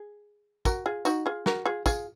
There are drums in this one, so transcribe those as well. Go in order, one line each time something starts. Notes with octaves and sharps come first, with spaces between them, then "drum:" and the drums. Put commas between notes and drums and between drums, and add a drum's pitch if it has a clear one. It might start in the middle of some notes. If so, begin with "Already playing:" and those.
Already playing: G#4
F#4 A#4, drum: kick, tambourine
F4 G#4
D#4 F#4, drum: tambourine
F4 G#4
F#4 A#4, drum: snare
F4 G#4
F4 G#4, drum: kick, tambourine